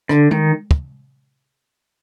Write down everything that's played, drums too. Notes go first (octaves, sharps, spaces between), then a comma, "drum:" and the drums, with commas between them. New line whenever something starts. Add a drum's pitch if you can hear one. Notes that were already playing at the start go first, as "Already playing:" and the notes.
D3, drum: rim click
D#3, drum: tom G#3
drum: kick